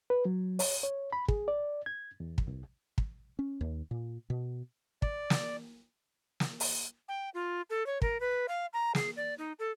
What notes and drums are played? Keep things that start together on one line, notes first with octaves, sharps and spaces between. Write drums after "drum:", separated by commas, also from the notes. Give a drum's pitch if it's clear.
B4
F#3
C#5, drum: open hi-hat
C#5
B5
G#4, drum: kick
D5
G#6
E2
drum: kick
C2
drum: kick
C#4
D#2
A#2
B2
D5, drum: kick
drum: snare
drum: snare
drum: open hi-hat
G5
F4
A4
C#5
A#4, drum: kick
B4
F5
A#5
G#4, drum: snare
D5
D#4
A4